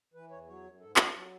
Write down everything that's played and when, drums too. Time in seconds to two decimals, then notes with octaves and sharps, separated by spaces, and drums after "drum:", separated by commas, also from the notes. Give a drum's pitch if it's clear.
0.14 E3 B4
0.30 E2 C#5
0.47 F#3 C#5
0.64 F#2
0.80 G#2 A4
0.96 F#3 C#5, drum: clap
1.13 F#3 A4